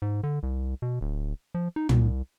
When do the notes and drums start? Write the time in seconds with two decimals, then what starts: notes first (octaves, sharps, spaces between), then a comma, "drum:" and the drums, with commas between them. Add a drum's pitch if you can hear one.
0.02 G#2
0.23 D3
0.43 C2
0.82 B2
1.01 D1
1.55 F3
1.76 D#4
1.89 C2, drum: tom